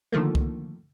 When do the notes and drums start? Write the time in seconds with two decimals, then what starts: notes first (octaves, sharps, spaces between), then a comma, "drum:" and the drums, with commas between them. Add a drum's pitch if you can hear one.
0.12 D3 D#3 F3 A3 A#3
0.35 drum: kick C2